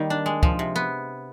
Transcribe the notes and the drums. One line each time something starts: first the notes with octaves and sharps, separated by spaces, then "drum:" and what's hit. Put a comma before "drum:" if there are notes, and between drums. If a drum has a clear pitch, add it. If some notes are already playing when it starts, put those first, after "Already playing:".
Already playing: D#3 G3 A#3
D4
G#3
F3, drum: kick C#2
C3
B3